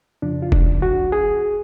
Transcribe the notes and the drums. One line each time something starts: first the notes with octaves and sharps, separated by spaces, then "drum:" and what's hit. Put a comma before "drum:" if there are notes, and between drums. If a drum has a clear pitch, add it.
F2 C#3 F3 D4
F4
D4, drum: kick F1
F#4
G#4